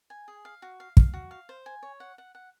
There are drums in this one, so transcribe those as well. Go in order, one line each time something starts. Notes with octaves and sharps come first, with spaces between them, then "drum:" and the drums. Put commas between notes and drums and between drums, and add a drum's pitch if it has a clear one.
G#5
G#4
F5
F#4
F5
F5, drum: kick
F#4
F5
C5
G#5
C#5
F#5
F#5
F#5